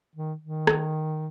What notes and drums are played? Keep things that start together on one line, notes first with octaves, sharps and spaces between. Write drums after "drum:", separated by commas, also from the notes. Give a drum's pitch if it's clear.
D#3
D#3
drum: rim click